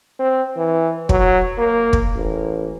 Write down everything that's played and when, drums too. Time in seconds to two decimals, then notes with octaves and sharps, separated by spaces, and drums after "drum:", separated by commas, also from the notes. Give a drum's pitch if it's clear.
0.19 C4
0.57 E3
1.09 F#3, drum: kick
1.58 A#3
1.93 drum: kick
2.16 A1